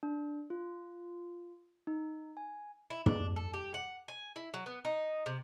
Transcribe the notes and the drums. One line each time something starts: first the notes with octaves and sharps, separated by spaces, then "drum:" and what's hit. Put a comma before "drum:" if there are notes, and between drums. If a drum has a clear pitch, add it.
D4
F4
D#4
G#5
E4
D4, drum: tom
A4
G4
F#5
G#5
E4
F#3
B3
D#4
C3